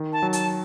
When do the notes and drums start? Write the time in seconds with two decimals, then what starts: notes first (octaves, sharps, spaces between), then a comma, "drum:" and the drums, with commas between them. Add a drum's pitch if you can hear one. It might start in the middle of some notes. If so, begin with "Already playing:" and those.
Already playing: D#3
0.13 A5
0.23 F#3
0.33 A5, drum: hi-hat